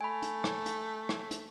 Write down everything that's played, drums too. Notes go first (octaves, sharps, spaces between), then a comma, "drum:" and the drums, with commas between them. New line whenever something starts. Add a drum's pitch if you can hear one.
A3 G#5 B5
drum: hi-hat
drum: rim click
drum: hi-hat
drum: rim click
drum: hi-hat